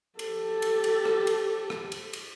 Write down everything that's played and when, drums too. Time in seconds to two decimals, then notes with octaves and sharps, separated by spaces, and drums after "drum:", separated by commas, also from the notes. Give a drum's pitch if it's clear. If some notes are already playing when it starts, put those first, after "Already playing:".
0.19 G4 A4, drum: cymbal
0.62 drum: cymbal
0.84 drum: cymbal
1.05 drum: rim click
1.27 drum: cymbal
1.70 drum: rim click
1.92 drum: cymbal
2.13 drum: cymbal